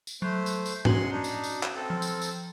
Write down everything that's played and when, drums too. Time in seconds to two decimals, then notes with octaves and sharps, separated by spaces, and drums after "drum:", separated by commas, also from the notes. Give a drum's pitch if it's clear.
0.07 drum: tambourine
0.22 F#3 A3 C5
0.46 drum: tambourine
0.66 drum: tambourine
0.85 F#3 G#3 C#4 F#4 C6, drum: tom G#2
1.11 D4 D#4
1.24 drum: tambourine
1.44 drum: tambourine
1.63 drum: clap
1.75 C4 A4
1.90 F3
2.02 drum: tambourine
2.22 drum: tambourine